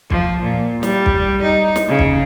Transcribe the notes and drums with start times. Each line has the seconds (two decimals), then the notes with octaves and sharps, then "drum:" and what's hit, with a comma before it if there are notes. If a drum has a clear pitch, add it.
0.10 F3, drum: kick
0.43 A#2
0.83 G3, drum: snare
1.06 drum: kick
1.42 D#4
1.76 drum: snare
1.88 C#3
1.99 drum: kick